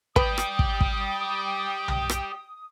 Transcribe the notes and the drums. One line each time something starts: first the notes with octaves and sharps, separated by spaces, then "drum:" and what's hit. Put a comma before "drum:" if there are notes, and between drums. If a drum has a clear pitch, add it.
G4 B4 D5 G5 D#6, drum: kick
drum: rim click
drum: kick
drum: kick
drum: tom B1
drum: rim click